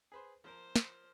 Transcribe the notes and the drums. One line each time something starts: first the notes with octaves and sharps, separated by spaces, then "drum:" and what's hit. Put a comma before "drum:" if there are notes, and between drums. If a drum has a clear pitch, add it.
G#4 B4 C5
F3 A#4 C5
drum: snare